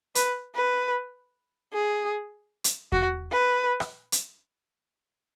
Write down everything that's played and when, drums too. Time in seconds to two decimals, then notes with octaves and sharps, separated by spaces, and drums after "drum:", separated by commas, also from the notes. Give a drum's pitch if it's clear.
0.15 B4, drum: hi-hat
0.55 B4
1.73 G#4
2.64 drum: hi-hat
2.92 F#4, drum: kick E2
3.31 B4
3.80 drum: rim click
4.12 drum: hi-hat